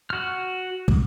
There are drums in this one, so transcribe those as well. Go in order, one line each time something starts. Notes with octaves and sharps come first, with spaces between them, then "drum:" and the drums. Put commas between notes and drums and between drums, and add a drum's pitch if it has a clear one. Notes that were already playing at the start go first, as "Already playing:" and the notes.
F#4 F6
drum: kick